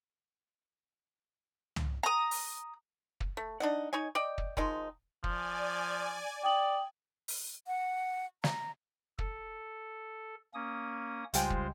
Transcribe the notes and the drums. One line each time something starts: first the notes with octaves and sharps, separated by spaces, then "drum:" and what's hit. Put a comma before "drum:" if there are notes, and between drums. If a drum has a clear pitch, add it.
drum: tom
A#5 D#6
drum: open hi-hat
drum: kick
A3
D4 D#4 F#5
D#4 C#5 D#5 G#5
D5 D#5 G5
drum: kick
D#3 F3 G#3 D#4, drum: kick
F3 D5 G#5, drum: kick
D5 G5 D#6 F#7
drum: open hi-hat
F#5
A#5, drum: snare
A4, drum: kick
A#3 C#4 D#6
C#2 G3 G#3 F4 C5 F5 G5 G#5, drum: hi-hat
drum: kick